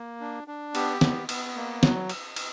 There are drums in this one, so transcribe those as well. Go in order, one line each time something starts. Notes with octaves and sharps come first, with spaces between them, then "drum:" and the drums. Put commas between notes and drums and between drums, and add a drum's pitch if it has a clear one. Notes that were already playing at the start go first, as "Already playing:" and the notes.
Already playing: A#3
D4
D4
B3 G4, drum: cymbal
B3, drum: snare
B3, drum: cymbal
A#3
F#3, drum: snare
drum: cymbal
drum: cymbal